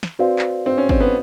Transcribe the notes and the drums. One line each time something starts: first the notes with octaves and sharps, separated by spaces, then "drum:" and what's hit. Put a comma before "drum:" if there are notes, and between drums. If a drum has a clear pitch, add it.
drum: snare
C4 F#4 B4 D5 F5
drum: clap
C4
C#4
C4, drum: kick
B3